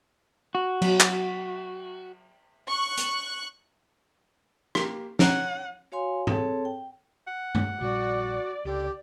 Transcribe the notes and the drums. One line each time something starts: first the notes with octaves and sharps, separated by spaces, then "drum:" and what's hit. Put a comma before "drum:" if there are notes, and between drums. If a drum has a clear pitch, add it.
F#4
F#3, drum: cymbal
drum: clap
C#6 F#6
drum: hi-hat
A#3 G4, drum: rim click
C#5 F#5 A#5 D#7, drum: snare
F#4 C#5 F5 G#5 C6
C4 G#4 A4 C#5 A5, drum: tom G#2
G5
F#5
drum: tom
A#1 A#2 G3 F#4 D5
C#2 D3 G4